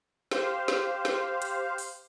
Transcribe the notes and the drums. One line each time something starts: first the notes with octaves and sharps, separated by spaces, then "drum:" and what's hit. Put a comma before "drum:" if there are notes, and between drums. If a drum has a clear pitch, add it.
G4 C5 F5, drum: snare
drum: snare
drum: snare
drum: hi-hat
drum: open hi-hat